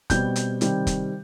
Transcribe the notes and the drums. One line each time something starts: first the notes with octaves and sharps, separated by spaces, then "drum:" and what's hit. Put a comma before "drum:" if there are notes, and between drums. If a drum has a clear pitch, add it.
B2 G3 C4 G6, drum: kick, hi-hat
drum: hi-hat
C3 D#3 G3 C4, drum: hi-hat
drum: kick, hi-hat